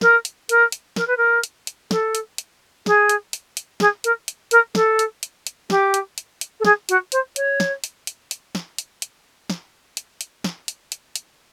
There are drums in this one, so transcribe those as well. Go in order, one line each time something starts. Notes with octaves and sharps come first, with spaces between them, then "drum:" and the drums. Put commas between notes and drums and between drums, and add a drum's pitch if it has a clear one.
A#4, drum: snare
drum: hi-hat
A#4, drum: hi-hat
drum: hi-hat
A#4, drum: snare
B4
A#4
drum: hi-hat
drum: hi-hat
A4, drum: snare
drum: hi-hat
drum: hi-hat
G#4, drum: snare
drum: hi-hat
drum: hi-hat
drum: hi-hat
G#4, drum: snare
A#4, drum: hi-hat
drum: hi-hat
A#4, drum: hi-hat
A4, drum: snare
drum: hi-hat
drum: hi-hat
drum: hi-hat
G4, drum: snare
drum: hi-hat
drum: hi-hat
drum: hi-hat
A4
G#4, drum: snare
F#4, drum: hi-hat
C5, drum: hi-hat
C#5, drum: hi-hat
drum: snare
drum: hi-hat
drum: hi-hat
drum: hi-hat
drum: snare
drum: hi-hat
drum: hi-hat
drum: snare
drum: hi-hat
drum: hi-hat
drum: snare
drum: hi-hat
drum: hi-hat
drum: hi-hat